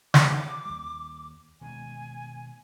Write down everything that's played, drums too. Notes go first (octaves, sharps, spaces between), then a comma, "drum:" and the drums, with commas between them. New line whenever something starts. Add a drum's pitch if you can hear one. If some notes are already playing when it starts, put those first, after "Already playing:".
D6, drum: snare
D#2 G3
B2 D#3 G#3 G#5